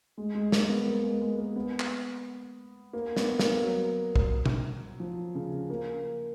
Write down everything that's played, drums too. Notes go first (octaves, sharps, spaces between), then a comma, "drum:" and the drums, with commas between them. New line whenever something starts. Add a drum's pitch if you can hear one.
G#3
G#3
A#3, drum: snare
B3
A#3
G#3
G#3
A#3
B3
drum: clap
A#3
B3, drum: snare
A#3, drum: snare
F#3
drum: kick
drum: tom
F3
C#3
C#3
A#3